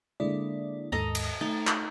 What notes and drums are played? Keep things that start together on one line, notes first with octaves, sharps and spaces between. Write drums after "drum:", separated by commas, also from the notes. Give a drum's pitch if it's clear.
D3 G#3 A#3 E4 D5
D#2 G#2 A4 D#5 A#5 A#6
drum: cymbal
A3 D#4 A6
drum: clap